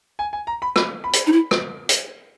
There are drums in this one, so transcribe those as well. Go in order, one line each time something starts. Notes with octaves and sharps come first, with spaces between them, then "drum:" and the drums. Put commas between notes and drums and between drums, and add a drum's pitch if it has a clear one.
G#5
G#5
A#5
B5
B5, drum: rim click
B5
drum: hi-hat
D#4
E4
drum: rim click
drum: hi-hat